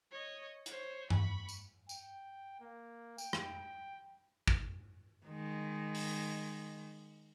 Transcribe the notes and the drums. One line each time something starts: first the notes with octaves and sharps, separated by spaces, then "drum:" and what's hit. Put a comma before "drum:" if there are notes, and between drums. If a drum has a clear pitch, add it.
C#5 D#5
C5 C#5, drum: hi-hat
B5 C#6, drum: tom G2
drum: tambourine
G5, drum: tambourine
A#3
G5, drum: tambourine
drum: rim click
drum: kick
D#3 G#3
drum: open hi-hat